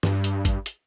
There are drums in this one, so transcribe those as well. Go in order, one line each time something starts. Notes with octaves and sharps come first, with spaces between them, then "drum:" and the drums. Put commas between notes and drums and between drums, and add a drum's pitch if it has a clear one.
G2, drum: snare
drum: hi-hat
drum: kick G#1, hi-hat
drum: hi-hat